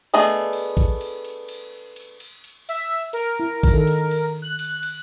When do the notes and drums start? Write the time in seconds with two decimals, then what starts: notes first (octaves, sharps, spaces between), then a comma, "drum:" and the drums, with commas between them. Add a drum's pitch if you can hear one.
0.14 A3 B3 D4 G#4 D#5
0.53 drum: cymbal
0.77 drum: kick A1, cymbal
1.01 drum: cymbal
1.25 drum: cymbal
1.49 drum: cymbal
1.96 drum: cymbal
2.20 drum: cymbal
2.44 drum: cymbal
2.69 E5, drum: cymbal
3.13 A#4, drum: cymbal
3.40 E4
3.63 drum: kick A1, cymbal
3.73 D#3 A4
3.87 drum: cymbal
4.11 drum: cymbal
4.42 F#6
4.59 drum: cymbal
4.83 drum: cymbal